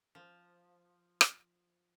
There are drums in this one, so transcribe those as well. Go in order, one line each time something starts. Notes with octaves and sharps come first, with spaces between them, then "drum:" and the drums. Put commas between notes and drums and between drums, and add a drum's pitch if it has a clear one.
F3
drum: rim click